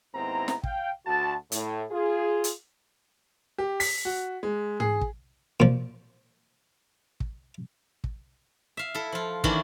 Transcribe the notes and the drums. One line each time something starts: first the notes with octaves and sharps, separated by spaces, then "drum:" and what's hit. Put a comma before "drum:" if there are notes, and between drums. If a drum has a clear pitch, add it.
D#2 G#2 B3 C4 E4 A#5
drum: snare
F5 G5, drum: kick
D2 F#4 A5
A2, drum: hi-hat
F4 G#4
drum: hi-hat
G4
B6, drum: open hi-hat
F#4
G#3
G#4, drum: tom G#2
drum: kick
A#2 F3
drum: kick
drum: kick
E5 F5
E4 A4
F3 F4
D#3 E3 A#3 C#4 D4 E4, drum: kick